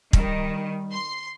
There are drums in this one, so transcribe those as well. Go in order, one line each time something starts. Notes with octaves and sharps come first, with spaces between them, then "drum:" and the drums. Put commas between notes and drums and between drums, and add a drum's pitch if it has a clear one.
D#3 G3, drum: kick
C6